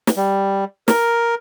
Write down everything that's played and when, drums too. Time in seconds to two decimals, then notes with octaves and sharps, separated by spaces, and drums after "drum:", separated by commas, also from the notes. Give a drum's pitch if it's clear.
0.07 drum: snare
0.16 G3
0.88 A#4, drum: snare